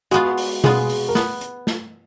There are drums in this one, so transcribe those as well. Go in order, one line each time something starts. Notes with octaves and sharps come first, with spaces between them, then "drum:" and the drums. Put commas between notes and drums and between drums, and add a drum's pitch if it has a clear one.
G#3 B3 F4 F#4, drum: hi-hat
drum: open hi-hat
G#3 B3 F4 G#4, drum: tom B2
drum: open hi-hat
A#4
B3, drum: snare
drum: hi-hat
drum: snare